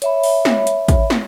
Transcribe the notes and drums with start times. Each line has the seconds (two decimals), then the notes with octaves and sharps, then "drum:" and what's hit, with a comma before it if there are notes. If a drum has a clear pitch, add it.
0.02 C#5 E5 B5, drum: hi-hat
0.23 drum: open hi-hat
0.45 drum: snare
0.67 drum: hi-hat
0.88 drum: kick, hi-hat
1.10 drum: snare